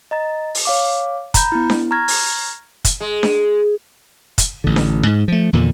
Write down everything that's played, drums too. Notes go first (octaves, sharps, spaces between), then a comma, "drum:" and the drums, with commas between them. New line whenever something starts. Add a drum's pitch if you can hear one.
D#5 A#5 A6
drum: open hi-hat
C#5 F5 D6
A#5 B5 G6, drum: kick, hi-hat
B3 E4
drum: snare D4
A#5 C#6 F6 G#6 A#6
drum: open hi-hat
drum: kick, hi-hat
G#3
drum: snare D4
drum: kick, hi-hat
A1 D3
drum: snare D4
G#2
F3 A3
E2 A#2 D3 D#3